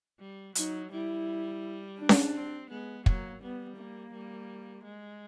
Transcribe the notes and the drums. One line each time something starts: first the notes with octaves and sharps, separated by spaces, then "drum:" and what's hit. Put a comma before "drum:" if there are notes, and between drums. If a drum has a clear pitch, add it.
G3
F#3 D#4, drum: hi-hat
G3 E4
D4
drum: snare C#4
C4
G#3 B3
F#3 A#3, drum: kick
G3 B3
A#3
G3
G#3